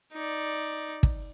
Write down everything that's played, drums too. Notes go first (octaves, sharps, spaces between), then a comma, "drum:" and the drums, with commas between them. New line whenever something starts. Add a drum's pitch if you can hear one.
D#4 D5
drum: kick